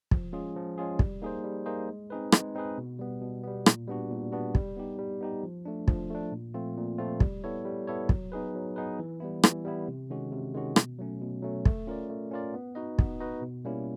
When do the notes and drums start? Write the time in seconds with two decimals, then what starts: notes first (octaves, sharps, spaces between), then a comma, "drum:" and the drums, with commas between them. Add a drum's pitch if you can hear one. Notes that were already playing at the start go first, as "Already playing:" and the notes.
0.11 F3, drum: kick
0.33 G#3 C#4 F4 G#4
0.56 F3
0.78 G#3 C#4 F4 G#4
0.99 G3, drum: kick
1.22 A#3 D#4 G#4 C5
1.44 G3
1.66 A#3 D#4 G#4 C5
1.89 G#3
2.10 C4 D#4 G#4 B4
2.32 G#3, drum: rim click
2.55 C4 D#4 G#4 B4
2.78 B2
2.99 G3 B3
3.22 B2
3.43 G3 B3
3.66 A#2, drum: rim click
3.87 G3 B3 D4 F#4
4.11 A#2
4.32 G3 B3 D4 F#4
4.55 G3, drum: kick
4.76 B3 D#4 G4
4.99 G3
5.21 B3 D#4 G4
5.43 F3
5.65 A3 D4
5.88 F3, drum: kick
6.10 A3 D4
6.32 A#2
6.54 F3 A3 C4 F4
6.77 A#2
6.98 F3 A3 C4 F4
7.20 G3, drum: kick
7.44 B3 E4 A4 C#5
7.65 G3
7.88 B3 E4 A4 C#5
8.09 F#3, drum: kick
8.32 B3 D#4 G#4 B4
8.55 F#3
8.76 B3 D#4 G#4 B4
8.99 E3
9.20 G3 B3 E4
9.43 E3, drum: rim click
9.64 G3 B3 E4
9.88 C3
10.10 D#3 G#3 C#4 F#4
10.32 C3
10.54 D#3 G#3 C#4 F#4
10.76 B2, drum: rim click
10.99 F#3 A3 C#4
11.21 B2
11.42 F#3 A3 C#4
11.65 A3, drum: kick
11.87 C#4 F4 A#4 D5
12.10 A3
12.31 C#4 F4 A#4 D5
12.54 B3
12.75 D#4 F#4 B4 D#5
12.99 B3, drum: kick
13.20 D#4 F#4 B4 D#5
13.42 B2
13.65 G3 A#3 C#4 E4